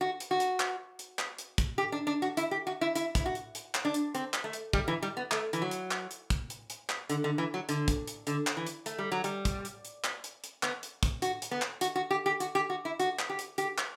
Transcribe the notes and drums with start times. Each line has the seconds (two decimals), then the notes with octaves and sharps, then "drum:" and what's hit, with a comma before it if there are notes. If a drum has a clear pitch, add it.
0.01 F#4
0.20 drum: hi-hat
0.31 F#4
0.40 drum: hi-hat
0.60 drum: clap
0.99 drum: hi-hat
1.19 drum: clap
1.38 drum: hi-hat
1.58 drum: kick, hi-hat
1.78 G4
1.92 D4
2.07 D4
2.22 F#4
2.37 E4, drum: hi-hat
2.51 G4
2.67 F#4
2.81 E4
2.95 E4, drum: hi-hat
3.15 E4, drum: kick, hi-hat
3.26 F#4
3.35 drum: hi-hat
3.55 drum: hi-hat
3.75 drum: clap
3.85 D4
3.94 drum: hi-hat
4.15 C4, drum: hi-hat
4.34 drum: clap
4.44 A3
4.53 drum: hi-hat
4.73 G3, drum: kick
4.88 E3
5.03 G3
5.17 B3
5.31 A3, drum: clap
5.53 E3, drum: hi-hat
5.62 F#3
5.71 drum: hi-hat
5.91 drum: clap
6.11 drum: hi-hat
6.30 drum: kick, hi-hat
6.50 drum: hi-hat
6.70 drum: hi-hat
6.89 drum: clap
7.09 D3, drum: hi-hat
7.24 D3
7.38 E3
7.54 F#3
7.69 D3, drum: hi-hat
7.88 drum: kick, hi-hat
8.07 drum: hi-hat
8.27 D3, drum: hi-hat
8.47 drum: clap
8.57 E3
8.67 drum: hi-hat
8.86 A3, drum: hi-hat
8.98 G3
9.12 F#3
9.24 G3, drum: hi-hat
9.45 drum: kick, hi-hat
9.65 drum: hi-hat
9.85 drum: hi-hat
10.04 drum: clap
10.24 drum: hi-hat
10.44 drum: hi-hat
10.63 B3, drum: clap
10.83 drum: hi-hat
11.03 drum: kick, hi-hat
11.22 F#4, drum: hi-hat
11.42 drum: hi-hat
11.51 B3
11.62 drum: clap
11.81 F#4, drum: hi-hat
11.96 F#4
12.11 G4
12.26 G4
12.40 F#4, drum: hi-hat
12.55 G4
12.70 F#4
12.85 E4
12.99 F#4, drum: hi-hat
13.19 drum: clap
13.30 G4
13.39 drum: hi-hat
13.58 G4, drum: hi-hat
13.78 drum: clap